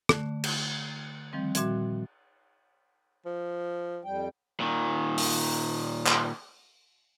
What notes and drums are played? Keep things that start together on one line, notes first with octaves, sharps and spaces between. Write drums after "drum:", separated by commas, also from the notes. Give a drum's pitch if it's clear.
D3 A3, drum: rim click
drum: cymbal
D#3 F3 G3 C4
A#2 G3 F#4 E5 C6 G#6, drum: hi-hat
F3
F2 G3 G5
A#2 D#3
drum: open hi-hat
drum: clap